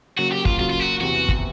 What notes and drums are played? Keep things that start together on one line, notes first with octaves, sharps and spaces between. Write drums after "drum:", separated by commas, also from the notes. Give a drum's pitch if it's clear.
C#3 F#3 A#3 F#4
G4
F4, drum: kick
C#3 F#3 A#3 F4
F4
F#4
E2 C3 E3 F#4
drum: kick